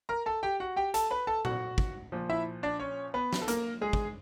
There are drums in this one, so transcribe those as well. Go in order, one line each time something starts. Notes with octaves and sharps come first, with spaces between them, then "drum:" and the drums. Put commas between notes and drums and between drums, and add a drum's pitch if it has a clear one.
A#4 A#5
A4 A5
G4 G5
F#4 F#5
G4 G5
A4 A5, drum: hi-hat
B4 B5
A4 A5
F#4 F#5, drum: tom A#2
drum: kick
A#2 F3
E4 E5
D4 D5
C#4 C#5
B3 B4
drum: snare
A4
A#3 A#4, drum: hi-hat
G#3 G#4
drum: kick